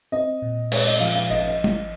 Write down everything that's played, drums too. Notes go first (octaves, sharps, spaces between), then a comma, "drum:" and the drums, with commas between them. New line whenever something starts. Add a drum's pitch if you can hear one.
C4 D#5
A#2
G#3 C#5, drum: cymbal
D#5
F3 F5
F5
G#1 D#5
F5
D#5
drum: tom